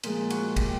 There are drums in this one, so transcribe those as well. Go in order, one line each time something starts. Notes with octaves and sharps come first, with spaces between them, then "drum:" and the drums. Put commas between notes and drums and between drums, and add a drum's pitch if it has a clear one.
A#2 F3 G#3, drum: cymbal
F#4, drum: cymbal
G4, drum: kick, cymbal